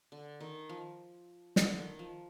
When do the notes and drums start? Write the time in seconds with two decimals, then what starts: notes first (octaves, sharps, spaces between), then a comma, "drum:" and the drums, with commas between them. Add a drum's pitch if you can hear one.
0.12 D3
0.40 D#3
0.69 F3
1.56 D3, drum: snare
1.78 D#3
1.99 F3